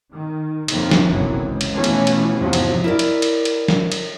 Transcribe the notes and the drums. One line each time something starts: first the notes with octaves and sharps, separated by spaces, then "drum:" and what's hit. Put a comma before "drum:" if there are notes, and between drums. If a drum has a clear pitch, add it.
D#3
F2 D#3 A#3, drum: cymbal
drum: snare
F#1 B1 F#2 C3 E3 F#3
C#2
drum: cymbal
B2 E3 F3 A3 C#4
drum: cymbal
drum: cymbal
E2 G#2 C3 F3 F#3
drum: cymbal
E4 A#4 D5
drum: cymbal
drum: cymbal
drum: cymbal
drum: snare
drum: cymbal